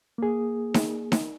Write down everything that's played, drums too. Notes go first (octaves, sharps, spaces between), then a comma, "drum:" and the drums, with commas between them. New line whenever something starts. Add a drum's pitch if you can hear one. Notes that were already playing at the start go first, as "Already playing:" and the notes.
A#3 G#4
drum: snare D#4
drum: snare D#4